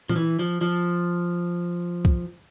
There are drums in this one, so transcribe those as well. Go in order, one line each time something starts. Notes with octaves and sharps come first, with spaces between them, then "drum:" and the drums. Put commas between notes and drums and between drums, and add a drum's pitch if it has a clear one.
F3, drum: tom
E3
F3
F3
drum: kick